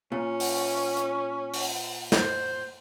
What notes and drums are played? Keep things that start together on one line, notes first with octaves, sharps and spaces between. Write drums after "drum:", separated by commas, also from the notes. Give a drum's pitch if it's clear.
A#2 C#4
drum: open hi-hat
drum: hi-hat
drum: open hi-hat
C5, drum: snare